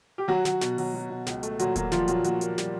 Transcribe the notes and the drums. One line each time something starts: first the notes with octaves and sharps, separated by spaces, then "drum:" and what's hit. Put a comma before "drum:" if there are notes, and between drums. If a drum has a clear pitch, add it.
G4
F#3 F#4
F#3, drum: snare
B2, drum: snare
F#3, drum: open hi-hat
F#3
B2
C#2, drum: snare
A3, drum: hi-hat
A#2 F#3 F#4, drum: hi-hat
F#3 A#3 F#4, drum: kick E1, hi-hat
F3 G3 F4, drum: snare
A#2 F#3 F#4, drum: hi-hat
A#2 F#3 F#4, drum: hi-hat
A#3, drum: hi-hat
G3, drum: snare